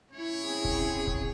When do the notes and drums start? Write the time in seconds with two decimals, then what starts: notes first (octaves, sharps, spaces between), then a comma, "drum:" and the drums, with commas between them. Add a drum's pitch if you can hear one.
0.13 C#4 E4 C#5
0.43 C4 G#4
0.65 drum: kick
1.07 drum: kick